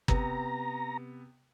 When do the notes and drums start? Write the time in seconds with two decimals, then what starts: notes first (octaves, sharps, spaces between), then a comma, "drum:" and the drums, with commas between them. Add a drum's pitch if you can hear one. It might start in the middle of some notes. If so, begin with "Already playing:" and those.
0.08 C3 B3 A#5, drum: kick